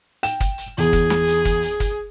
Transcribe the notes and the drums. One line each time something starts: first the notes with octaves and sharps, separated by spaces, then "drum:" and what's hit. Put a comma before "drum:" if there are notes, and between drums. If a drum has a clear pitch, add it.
G5 E7, drum: hi-hat
drum: kick, hi-hat
drum: hi-hat
E2 G#4, drum: hi-hat
drum: kick, hi-hat
drum: snare
drum: hi-hat
drum: kick, hi-hat
drum: hi-hat
drum: kick, hi-hat